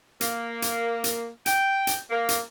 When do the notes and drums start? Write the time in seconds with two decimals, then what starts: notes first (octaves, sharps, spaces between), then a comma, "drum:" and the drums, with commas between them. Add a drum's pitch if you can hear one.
0.21 A#3, drum: hi-hat
0.62 drum: hi-hat
1.04 drum: hi-hat
1.46 G5, drum: hi-hat
1.87 drum: hi-hat
2.09 A#3
2.29 drum: hi-hat